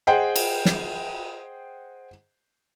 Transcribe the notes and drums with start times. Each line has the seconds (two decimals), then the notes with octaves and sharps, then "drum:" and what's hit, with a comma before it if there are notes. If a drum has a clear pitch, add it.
0.07 G#4 C5 D#5 F#5 G5
0.36 drum: cymbal
0.65 drum: snare